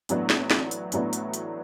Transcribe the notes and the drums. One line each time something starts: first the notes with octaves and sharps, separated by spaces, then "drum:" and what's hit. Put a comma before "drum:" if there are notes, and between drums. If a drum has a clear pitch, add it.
A1 A2 F#3 B3 D4, drum: hi-hat
drum: snare
drum: snare
drum: hi-hat
A1 A2 F#3 B3 D4, drum: hi-hat
drum: hi-hat
drum: hi-hat